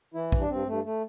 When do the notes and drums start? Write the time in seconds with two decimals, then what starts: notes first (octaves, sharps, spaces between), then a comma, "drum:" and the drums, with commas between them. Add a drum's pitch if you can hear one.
0.14 E3 E4
0.32 G2, drum: kick A#1
0.40 D4
0.49 G2 C4
0.67 G2 A3
0.84 A3